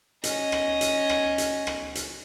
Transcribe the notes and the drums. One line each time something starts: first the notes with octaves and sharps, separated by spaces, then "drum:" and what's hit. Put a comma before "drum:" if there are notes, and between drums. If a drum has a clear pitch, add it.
C#4 D#5, drum: hi-hat
drum: rim click
drum: hi-hat
drum: rim click
drum: hi-hat
drum: rim click
drum: hi-hat